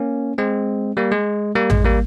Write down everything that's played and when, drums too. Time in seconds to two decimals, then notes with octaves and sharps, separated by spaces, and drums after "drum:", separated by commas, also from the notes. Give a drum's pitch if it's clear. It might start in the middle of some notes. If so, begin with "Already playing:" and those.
Already playing: A#3 C#4
0.38 G#3 C4
0.97 G3 A#3
1.12 G#3
1.56 G3 A#3
1.70 G#3, drum: tom A1
1.85 G3 A#3